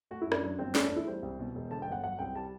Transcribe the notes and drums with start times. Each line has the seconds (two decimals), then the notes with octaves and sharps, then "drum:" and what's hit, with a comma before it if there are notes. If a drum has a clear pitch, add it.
0.11 A3 F#4
0.21 E4
0.26 F#2
0.32 D4, drum: rim click
0.42 F#3 D4
0.59 G1 C4
0.75 A3 D4, drum: snare
0.86 D4
0.91 E2 E4
1.07 G3 C5
1.23 C2
1.39 B2
1.55 E1
1.71 D3 A5
1.82 G5
1.88 G1 F#5
2.04 F#3 F#5
2.19 C2 G5
2.35 G3 A5